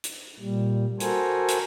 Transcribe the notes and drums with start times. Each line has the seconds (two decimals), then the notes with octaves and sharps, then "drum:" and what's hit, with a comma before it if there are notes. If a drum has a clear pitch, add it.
0.04 drum: hi-hat
0.39 A#2 G3
1.00 F#4 A4 A#4 C5 G#5, drum: hi-hat
1.48 drum: hi-hat